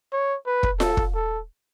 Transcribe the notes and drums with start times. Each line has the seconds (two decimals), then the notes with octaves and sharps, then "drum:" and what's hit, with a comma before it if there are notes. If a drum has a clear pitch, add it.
0.12 C#5
0.46 B4
0.63 drum: kick
0.80 A4, drum: snare F4
0.97 drum: kick
1.15 A4